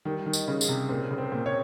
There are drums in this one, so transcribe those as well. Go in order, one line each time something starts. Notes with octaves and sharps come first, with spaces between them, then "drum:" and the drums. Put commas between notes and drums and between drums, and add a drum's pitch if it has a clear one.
D#3 G3
D#3
D#5, drum: tambourine
C#3
G#4, drum: tambourine
C3
A#2 C4
C#3
C4
A#2
C#5